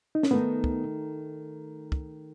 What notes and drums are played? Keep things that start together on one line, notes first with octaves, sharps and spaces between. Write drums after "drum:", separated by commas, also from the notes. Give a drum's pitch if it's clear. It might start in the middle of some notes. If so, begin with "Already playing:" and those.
D#4
C#4, drum: snare
D#3 A3 B3 D#4
drum: kick
drum: kick